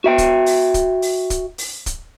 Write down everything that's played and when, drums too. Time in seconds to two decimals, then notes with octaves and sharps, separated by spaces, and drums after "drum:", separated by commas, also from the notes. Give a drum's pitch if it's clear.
0.04 F#4 E5 G5
0.18 drum: kick, hi-hat
0.46 drum: open hi-hat
0.74 drum: kick, hi-hat
1.02 drum: open hi-hat
1.30 drum: kick, hi-hat
1.58 drum: open hi-hat
1.86 drum: kick, hi-hat